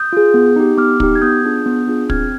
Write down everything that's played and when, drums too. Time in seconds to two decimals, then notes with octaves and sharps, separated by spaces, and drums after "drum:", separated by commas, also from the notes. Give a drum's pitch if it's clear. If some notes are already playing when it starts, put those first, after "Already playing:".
Already playing: D#6 G6
0.13 F4 G#4
0.34 B3
0.56 D#4 G4
0.78 B3 D6 F6
1.00 D#4 G4, drum: kick
1.16 G#6
1.22 B3 D#6 G6
1.44 D4 F4 G#4
1.66 B3
1.87 D4 F4 G#4
2.10 C4 F6 G#6, drum: kick